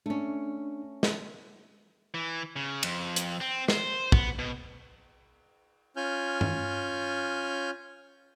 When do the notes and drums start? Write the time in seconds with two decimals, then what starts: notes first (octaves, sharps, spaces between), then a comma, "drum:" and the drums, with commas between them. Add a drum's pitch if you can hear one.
0.06 A3 C#4 D4
1.03 drum: snare
2.14 E3
2.56 C#3
2.83 F2, drum: cymbal
3.16 drum: hi-hat
3.40 C4
3.68 C5, drum: snare
4.12 B3, drum: kick
4.39 B2
5.96 C#4 F4 G#5 F6 G6
6.41 drum: tom G2